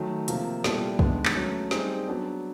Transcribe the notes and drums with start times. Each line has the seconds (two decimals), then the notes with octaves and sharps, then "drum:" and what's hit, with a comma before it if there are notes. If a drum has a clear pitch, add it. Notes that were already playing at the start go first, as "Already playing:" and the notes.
Already playing: D#3 F#3 A3
0.28 C3 F3 A#3, drum: hi-hat
0.64 A#2 G3 B3 E4 A4, drum: snare
0.99 D#3 G#3 B3 D4, drum: kick
1.25 drum: clap
1.35 F#3 A3 C#4
1.71 G3 C4 D#4 G#4, drum: snare
2.07 F#3 B3 D4